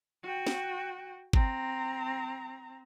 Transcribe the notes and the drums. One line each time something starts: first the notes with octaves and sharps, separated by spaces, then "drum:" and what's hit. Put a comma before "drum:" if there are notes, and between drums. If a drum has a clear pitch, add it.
F#4 G5
drum: snare
C4 A#5, drum: kick